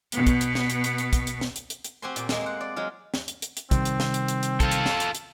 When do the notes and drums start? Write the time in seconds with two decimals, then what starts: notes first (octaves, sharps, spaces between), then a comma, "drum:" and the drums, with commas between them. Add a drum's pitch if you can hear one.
0.12 B2 B3, drum: hi-hat
0.27 drum: kick, hi-hat
0.41 drum: hi-hat
0.55 drum: snare
0.70 drum: hi-hat
0.84 drum: hi-hat
0.98 drum: hi-hat
1.13 drum: kick, hi-hat
1.27 drum: hi-hat
1.41 drum: snare
1.56 drum: hi-hat
1.70 drum: hi-hat
1.84 drum: hi-hat
2.02 C4 F#4 G4 C5 G#5 C6
2.16 A#2, drum: hi-hat
2.29 G#3 A#3 C4, drum: snare
2.42 C5 F#5
2.61 D5
2.76 F#3 G#3 F4
3.14 drum: snare
3.28 drum: hi-hat
3.42 drum: hi-hat
3.57 drum: hi-hat
3.71 C3 D#3 G3 C4, drum: kick, hi-hat
3.85 drum: hi-hat
4.00 drum: snare
4.14 drum: hi-hat
4.28 drum: hi-hat
4.43 drum: hi-hat
4.60 F4 A4, drum: kick, hi-hat
4.71 drum: hi-hat
4.86 drum: snare
5.00 drum: hi-hat
5.15 drum: hi-hat